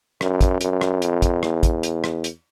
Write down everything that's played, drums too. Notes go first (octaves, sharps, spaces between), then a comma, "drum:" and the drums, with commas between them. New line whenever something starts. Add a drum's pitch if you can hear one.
F#2, drum: rim click
drum: kick, hi-hat
F#2, drum: hi-hat
drum: rim click
F2, drum: hi-hat
drum: kick, hi-hat
E2, drum: rim click
drum: kick, hi-hat
drum: hi-hat
drum: rim click
drum: hi-hat